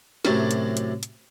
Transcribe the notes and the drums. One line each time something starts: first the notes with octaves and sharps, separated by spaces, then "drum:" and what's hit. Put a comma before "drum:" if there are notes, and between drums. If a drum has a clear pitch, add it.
F#2 A2 C3 F#3 G4 A4, drum: snare
drum: hi-hat
drum: hi-hat
drum: hi-hat